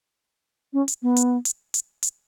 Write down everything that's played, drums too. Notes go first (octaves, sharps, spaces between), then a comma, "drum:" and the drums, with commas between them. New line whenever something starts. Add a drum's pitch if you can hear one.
C#4
drum: hi-hat
B3
drum: hi-hat
drum: hi-hat
drum: hi-hat
drum: hi-hat